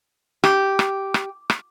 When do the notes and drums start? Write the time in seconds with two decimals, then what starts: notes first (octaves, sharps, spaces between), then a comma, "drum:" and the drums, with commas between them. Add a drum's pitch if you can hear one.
0.44 G4, drum: rim click
0.79 drum: rim click
1.14 drum: rim click
1.50 drum: rim click